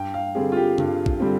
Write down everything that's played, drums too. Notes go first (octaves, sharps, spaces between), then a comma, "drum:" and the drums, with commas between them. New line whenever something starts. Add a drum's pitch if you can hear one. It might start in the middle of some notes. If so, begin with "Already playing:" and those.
Already playing: G2 G5
F5
D3 G3 C4 G#4
F4
G4
G2, drum: tom
drum: kick
D3 G3 C4